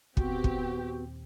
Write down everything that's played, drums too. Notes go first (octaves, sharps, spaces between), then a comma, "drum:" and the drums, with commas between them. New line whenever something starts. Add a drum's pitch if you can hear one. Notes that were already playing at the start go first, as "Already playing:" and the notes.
D#2 A#2 B3 C4 F#4 G4, drum: kick
drum: kick